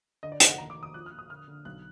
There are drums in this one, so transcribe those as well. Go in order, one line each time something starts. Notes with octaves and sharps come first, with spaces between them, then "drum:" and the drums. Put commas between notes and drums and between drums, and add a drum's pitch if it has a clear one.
D3 D#5
D5
F1 D#5, drum: hi-hat
F#5
D#2 A#5
D6
D#2
D#6
F3 F#6
F6
A#2
D#6
D3 F6
D3
B1 F#6